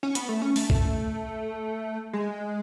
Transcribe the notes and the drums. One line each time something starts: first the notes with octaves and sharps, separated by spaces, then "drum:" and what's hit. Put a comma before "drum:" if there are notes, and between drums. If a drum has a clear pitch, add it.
C#4
B3, drum: hi-hat
A3
C#4
A3, drum: open hi-hat
drum: kick A#1
G#3